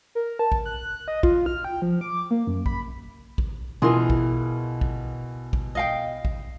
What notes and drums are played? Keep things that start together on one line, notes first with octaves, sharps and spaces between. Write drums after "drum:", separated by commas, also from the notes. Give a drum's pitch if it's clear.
A#4
A5
drum: kick
F#6
D#5
F4, drum: kick
F6
G5
F3
D6
A#3
F#2
B5, drum: kick
drum: kick
B2 E3 F4 G#4 A#4 C6
drum: kick
drum: kick
drum: kick
D#5 F5 G5
drum: kick